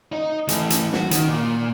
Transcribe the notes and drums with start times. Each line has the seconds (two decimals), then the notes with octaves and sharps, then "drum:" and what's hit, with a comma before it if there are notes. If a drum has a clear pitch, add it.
0.12 D#4 D#5
0.49 E3 A3, drum: hi-hat
0.70 drum: hi-hat
0.93 F#4, drum: snare
1.11 D#3, drum: hi-hat
1.28 A#2